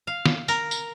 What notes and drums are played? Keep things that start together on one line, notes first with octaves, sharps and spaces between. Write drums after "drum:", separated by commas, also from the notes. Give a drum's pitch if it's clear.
F5
drum: snare
A#4, drum: tambourine
drum: tambourine